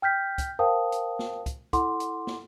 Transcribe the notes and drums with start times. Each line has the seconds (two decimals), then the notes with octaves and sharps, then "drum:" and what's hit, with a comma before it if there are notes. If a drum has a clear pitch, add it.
0.02 G5 F6 G6 B6
0.38 drum: kick, hi-hat
0.59 A#4 C5 F5 G5 A5 D#6
0.92 drum: hi-hat
1.19 drum: snare
1.46 drum: kick, hi-hat
1.73 E4 A4 F#5 C6 D6, drum: kick, hi-hat
2.00 drum: hi-hat
2.27 drum: snare